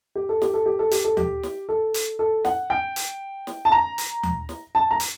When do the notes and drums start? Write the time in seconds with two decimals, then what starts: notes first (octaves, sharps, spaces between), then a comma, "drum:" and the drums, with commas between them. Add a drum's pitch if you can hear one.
0.15 G4
0.29 A4
0.42 G4, drum: snare
0.54 A4
0.66 G4
0.79 A4
0.91 G4, drum: hi-hat
1.04 A4
1.17 G4, drum: tom D#2
1.43 drum: snare
1.69 A4
1.94 drum: hi-hat
2.19 A4
2.45 F#5, drum: snare
2.70 G5
2.96 drum: hi-hat
3.47 drum: snare
3.65 A5
3.72 A#5
3.98 drum: hi-hat
4.23 drum: tom D#2
4.49 drum: snare
4.75 A5
4.91 A#5
5.00 drum: hi-hat